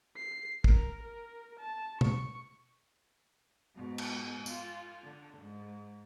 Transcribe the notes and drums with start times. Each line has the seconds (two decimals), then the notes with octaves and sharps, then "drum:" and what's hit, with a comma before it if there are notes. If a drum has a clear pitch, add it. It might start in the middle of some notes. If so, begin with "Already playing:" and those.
0.16 C7
0.64 A#4, drum: kick
1.03 A#4
1.59 A5
2.01 C#6, drum: tom
3.75 G#2 B2
3.98 drum: cymbal
4.46 F4, drum: tambourine
5.04 D3
5.39 G#2